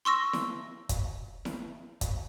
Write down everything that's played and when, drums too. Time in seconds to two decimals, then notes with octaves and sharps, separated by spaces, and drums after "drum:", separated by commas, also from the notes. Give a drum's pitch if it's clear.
0.05 C6 C#6 E6 A#6
0.33 drum: snare E4
0.89 drum: kick, hi-hat
1.45 drum: snare E4
2.01 drum: kick, hi-hat